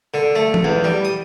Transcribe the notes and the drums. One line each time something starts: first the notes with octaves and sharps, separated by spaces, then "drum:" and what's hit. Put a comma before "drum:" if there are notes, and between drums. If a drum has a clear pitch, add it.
D3
A3
drum: tom
E2
G3
D#6